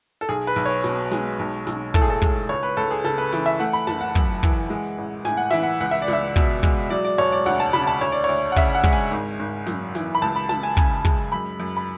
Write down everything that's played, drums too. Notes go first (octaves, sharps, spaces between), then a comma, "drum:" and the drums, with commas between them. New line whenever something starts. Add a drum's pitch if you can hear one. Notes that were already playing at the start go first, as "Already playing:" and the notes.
A4
B1 G#4
B4
B1
C#5
B2, drum: snare
G#3, drum: snare
B1
B1, drum: snare
A2 A4, drum: kick
G#4
A4
G#3, drum: kick
C#2 C#5
B4
C#2 A4
G#4
C#3 A4, drum: snare
B4
E3, drum: snare
E5
A3 F#5
B5
F#1 A5, drum: snare
F#5
F#2, drum: kick
E3, drum: kick
G#3
A1
A2 G#5, drum: snare
F#5
E3 E5, drum: snare
F#5
C#2 F#5
E5
D5
C#2, drum: snare
E5
B2, drum: kick
G#3, drum: kick
F#3 D5
D5
E1 C#5
D5
D2 F#5, drum: snare
A5
C#3 B5, drum: snare
A5
D2 C#5
D5
D2 C#5
F#5
C#3 E5, drum: kick
F#5
G#3, drum: kick
G#5
G#1
G#1
F#2, drum: snare
E3, drum: snare
B5
C#2 A5
B5
C#2 A5, drum: snare
G#5
C#3 G#5, drum: kick
G#3, drum: kick
F#2 B5
F#2
B5